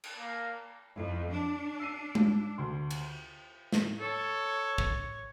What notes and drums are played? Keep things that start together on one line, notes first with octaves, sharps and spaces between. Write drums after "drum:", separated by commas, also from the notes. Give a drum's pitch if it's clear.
drum: cymbal
A#3
F2 E4
D4
E6 C7 D#7
drum: tom G#3
D2 C6
drum: cymbal
drum: snare
A4 C#5
drum: kick